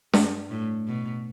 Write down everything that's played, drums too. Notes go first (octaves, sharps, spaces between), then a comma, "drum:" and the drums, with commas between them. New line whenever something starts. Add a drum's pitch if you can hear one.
G2, drum: snare
A2
B2